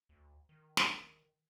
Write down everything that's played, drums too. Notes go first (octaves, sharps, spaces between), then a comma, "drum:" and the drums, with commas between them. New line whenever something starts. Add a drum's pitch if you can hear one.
D2
D#3
drum: snare